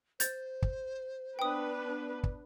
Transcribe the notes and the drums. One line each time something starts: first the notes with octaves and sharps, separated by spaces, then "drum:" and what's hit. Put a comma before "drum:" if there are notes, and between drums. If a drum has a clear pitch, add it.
C5 G6 A6, drum: hi-hat
drum: kick
B3 D4 B4 G5 D#6
drum: kick